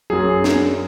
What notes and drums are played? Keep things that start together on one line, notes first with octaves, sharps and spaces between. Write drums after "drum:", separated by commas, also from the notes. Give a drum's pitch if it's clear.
F#2 F#3 G#4
drum: snare